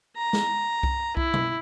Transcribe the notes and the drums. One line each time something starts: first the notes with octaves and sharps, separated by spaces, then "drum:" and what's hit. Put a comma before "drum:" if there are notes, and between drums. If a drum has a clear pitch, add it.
A#5
drum: snare
drum: kick C2
E4, drum: kick C2
drum: tom B2